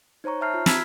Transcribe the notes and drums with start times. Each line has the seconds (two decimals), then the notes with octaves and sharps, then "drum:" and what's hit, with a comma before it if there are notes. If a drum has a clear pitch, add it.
0.24 D#4 C5 C#5 A#5 C#6
0.41 E5 A5 A#5 F6 G6 C7
0.54 F4
0.66 B5 E6 F6 G#6 B6, drum: snare